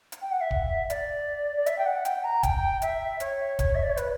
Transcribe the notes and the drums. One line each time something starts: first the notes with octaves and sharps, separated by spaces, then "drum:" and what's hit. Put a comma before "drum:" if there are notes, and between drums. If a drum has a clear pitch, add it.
drum: hi-hat
G5
F#5
E5
drum: kick
D5, drum: hi-hat
D5
E5, drum: hi-hat
G5
F#5
G5, drum: hi-hat
A#5
G5, drum: kick, hi-hat
E5, drum: hi-hat
C#5, drum: hi-hat
drum: kick, hi-hat
E5
D5
C#5
B4, drum: hi-hat